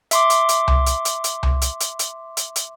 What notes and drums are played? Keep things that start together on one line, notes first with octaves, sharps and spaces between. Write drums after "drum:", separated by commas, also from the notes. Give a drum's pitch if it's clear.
E5 C6 D6, drum: hi-hat
drum: hi-hat
drum: hi-hat
drum: tom C2
drum: hi-hat
drum: hi-hat
drum: hi-hat
drum: tom C2
drum: hi-hat
drum: hi-hat
drum: hi-hat
drum: hi-hat
drum: hi-hat